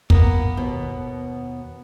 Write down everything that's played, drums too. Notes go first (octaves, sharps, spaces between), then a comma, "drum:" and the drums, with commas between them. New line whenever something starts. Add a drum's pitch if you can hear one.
A#3 B3, drum: kick
D#2 B2